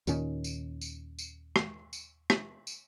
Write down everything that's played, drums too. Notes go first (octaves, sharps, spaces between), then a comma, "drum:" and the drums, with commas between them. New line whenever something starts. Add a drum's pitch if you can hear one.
D#2 A#2 D#3 C#4, drum: tambourine
drum: tambourine
drum: tambourine
drum: tambourine
drum: rim click
drum: tambourine
drum: rim click
drum: tambourine